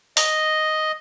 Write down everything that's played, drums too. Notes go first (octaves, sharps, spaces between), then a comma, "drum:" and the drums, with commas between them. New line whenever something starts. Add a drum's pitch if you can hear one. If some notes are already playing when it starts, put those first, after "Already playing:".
D#5, drum: open hi-hat